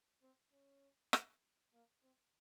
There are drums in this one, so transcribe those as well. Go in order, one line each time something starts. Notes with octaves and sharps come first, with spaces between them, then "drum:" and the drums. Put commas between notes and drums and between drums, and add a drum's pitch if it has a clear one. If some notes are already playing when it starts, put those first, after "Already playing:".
C4
C#4
drum: rim click
A#3
C4